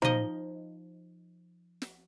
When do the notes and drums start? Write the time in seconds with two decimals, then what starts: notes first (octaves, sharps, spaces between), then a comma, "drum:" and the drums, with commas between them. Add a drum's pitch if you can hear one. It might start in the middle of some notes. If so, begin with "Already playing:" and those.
0.02 F3 D#4 C5 D#5 A#5, drum: tom
1.82 drum: snare